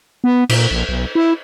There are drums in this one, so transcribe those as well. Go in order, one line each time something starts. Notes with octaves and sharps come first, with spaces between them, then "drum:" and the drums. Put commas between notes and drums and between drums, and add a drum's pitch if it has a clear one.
B3
A#2, drum: cymbal
A#1
B1
E4